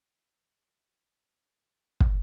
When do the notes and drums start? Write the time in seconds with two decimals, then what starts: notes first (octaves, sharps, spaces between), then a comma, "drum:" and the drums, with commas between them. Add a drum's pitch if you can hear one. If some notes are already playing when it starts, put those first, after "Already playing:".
Already playing: D#4
0.72 G#4
0.86 A#4
0.92 C5
1.13 C#5
1.33 C5
1.74 C5
2.00 drum: kick